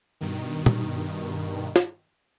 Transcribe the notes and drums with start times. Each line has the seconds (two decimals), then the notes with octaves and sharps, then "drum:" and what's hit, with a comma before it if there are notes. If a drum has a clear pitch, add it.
0.21 G2 B2 D#3
0.66 drum: tom
1.76 drum: snare